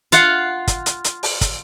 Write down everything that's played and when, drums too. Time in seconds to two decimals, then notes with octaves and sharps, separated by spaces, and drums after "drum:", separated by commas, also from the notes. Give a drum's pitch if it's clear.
0.12 F4 F5 F#5, drum: hi-hat
0.68 drum: kick, hi-hat
0.86 drum: hi-hat
1.04 drum: hi-hat
1.23 drum: open hi-hat
1.41 drum: kick, hi-hat